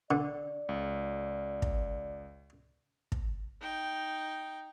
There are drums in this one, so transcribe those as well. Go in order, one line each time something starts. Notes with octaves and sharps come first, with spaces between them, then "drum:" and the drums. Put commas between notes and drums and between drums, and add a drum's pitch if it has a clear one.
D3 D5
C#2
drum: kick
drum: kick
D#4 G5